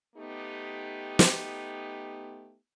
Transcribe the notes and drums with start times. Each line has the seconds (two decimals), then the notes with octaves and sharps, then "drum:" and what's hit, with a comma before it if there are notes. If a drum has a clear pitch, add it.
0.16 A3 B3 D#4 G4
1.19 drum: snare